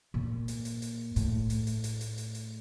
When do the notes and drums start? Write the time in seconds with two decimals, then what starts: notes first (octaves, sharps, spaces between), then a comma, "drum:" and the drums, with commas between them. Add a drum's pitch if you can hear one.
0.14 A#2
0.48 drum: hi-hat
0.65 drum: hi-hat
0.82 drum: hi-hat
1.16 A2, drum: hi-hat
1.50 drum: hi-hat
1.67 drum: hi-hat
1.84 drum: hi-hat
2.01 drum: hi-hat
2.18 drum: hi-hat
2.35 drum: hi-hat